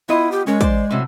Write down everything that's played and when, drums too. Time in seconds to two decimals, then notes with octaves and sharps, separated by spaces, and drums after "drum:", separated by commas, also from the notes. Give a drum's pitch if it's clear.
0.09 B3 E4 F4 D#5
0.32 G4
0.47 G#3 C#4 A#4 C#5
0.61 C5 D5, drum: kick, hi-hat
0.91 A2 C3 F#3